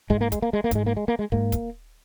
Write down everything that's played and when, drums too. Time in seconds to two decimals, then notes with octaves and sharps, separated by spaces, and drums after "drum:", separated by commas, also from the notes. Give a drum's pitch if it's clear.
0.10 G#2 G#3, drum: kick
0.21 A#3
0.32 G#3, drum: kick, hi-hat
0.42 A#3
0.53 G#3
0.64 A#3
0.71 G#2 G#3, drum: kick, hi-hat
0.86 A#3
0.97 G#3
1.08 A#3
1.19 G#3
1.32 G#2 A#3, drum: kick
1.52 drum: kick, hi-hat